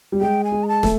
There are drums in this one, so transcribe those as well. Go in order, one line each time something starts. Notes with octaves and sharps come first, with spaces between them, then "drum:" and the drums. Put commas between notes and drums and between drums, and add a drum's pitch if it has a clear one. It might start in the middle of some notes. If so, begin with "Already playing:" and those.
G3
G#3 G5
G#5
G#3
A#5
A5
A3, drum: snare